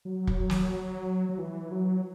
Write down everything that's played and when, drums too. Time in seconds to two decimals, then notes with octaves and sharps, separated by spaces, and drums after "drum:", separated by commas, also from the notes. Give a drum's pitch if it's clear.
0.05 F#3
0.27 drum: kick
0.50 drum: snare
1.29 F#3
1.38 E3
1.71 F#3